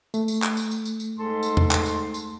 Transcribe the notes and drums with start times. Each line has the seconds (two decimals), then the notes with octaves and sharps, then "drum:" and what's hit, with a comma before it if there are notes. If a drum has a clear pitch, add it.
0.14 A3, drum: tambourine
0.28 drum: tambourine
0.42 drum: clap
0.57 drum: tambourine
0.71 drum: tambourine
0.85 drum: tambourine
1.00 drum: tambourine
1.19 G#2 A4 C6
1.43 drum: tambourine
1.57 drum: tom E2
1.71 drum: clap
1.86 drum: tambourine
2.14 drum: tambourine